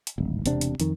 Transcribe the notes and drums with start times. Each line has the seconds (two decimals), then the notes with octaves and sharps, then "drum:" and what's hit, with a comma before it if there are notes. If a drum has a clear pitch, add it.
0.07 drum: hi-hat
0.18 D1 G#1
0.46 E1 C3 C4 D4, drum: hi-hat
0.61 drum: hi-hat
0.80 F2 D#3, drum: hi-hat